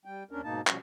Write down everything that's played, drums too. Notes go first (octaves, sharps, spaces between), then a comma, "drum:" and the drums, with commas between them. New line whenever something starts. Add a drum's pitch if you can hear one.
G3 G5
D#2 C#4 D4 A#4
G#2 B2 A#3 D#4 A5
B2 F3 G3 C#4 F#4, drum: clap